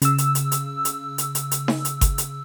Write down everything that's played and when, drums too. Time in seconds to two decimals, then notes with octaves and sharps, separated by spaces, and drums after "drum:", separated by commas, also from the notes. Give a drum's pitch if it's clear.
0.02 C#3 E6, drum: hi-hat
0.18 drum: hi-hat
0.35 drum: hi-hat
0.52 drum: hi-hat
0.85 drum: hi-hat
1.18 drum: hi-hat
1.35 drum: hi-hat
1.51 drum: hi-hat
1.68 drum: snare D#4
1.85 drum: hi-hat
2.01 drum: kick G1, hi-hat
2.18 drum: hi-hat